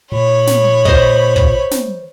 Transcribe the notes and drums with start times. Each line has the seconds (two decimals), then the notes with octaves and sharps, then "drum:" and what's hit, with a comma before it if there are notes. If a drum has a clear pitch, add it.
0.12 A#2 C#5 B5
0.47 drum: snare
0.85 C5 D#5, drum: kick
1.36 drum: kick
1.71 drum: snare